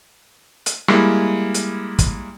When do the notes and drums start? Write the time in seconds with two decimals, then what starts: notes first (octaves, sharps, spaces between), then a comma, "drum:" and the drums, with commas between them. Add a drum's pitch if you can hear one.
0.66 drum: hi-hat
0.88 G3 G#3 A#3 E4, drum: rim click
1.54 drum: hi-hat
1.99 drum: kick, hi-hat